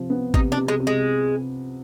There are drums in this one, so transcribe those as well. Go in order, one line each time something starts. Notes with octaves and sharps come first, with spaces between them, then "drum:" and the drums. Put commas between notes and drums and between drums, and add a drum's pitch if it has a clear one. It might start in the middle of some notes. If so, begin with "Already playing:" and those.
Already playing: C3 F3
B3
C3 D#4, drum: kick G#1
D4
C3
G#3
C3
G#3